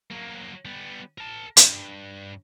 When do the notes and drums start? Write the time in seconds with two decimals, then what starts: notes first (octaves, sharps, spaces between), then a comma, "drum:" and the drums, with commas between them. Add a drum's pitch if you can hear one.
0.10 F#3 A#3
0.65 G3 B3
1.18 A#4 A5
1.57 G2, drum: hi-hat